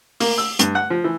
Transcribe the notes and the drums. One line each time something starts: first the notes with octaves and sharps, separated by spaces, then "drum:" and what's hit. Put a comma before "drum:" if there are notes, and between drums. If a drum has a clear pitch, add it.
A#3, drum: open hi-hat
E6
G2, drum: hi-hat
F#5
F3
E3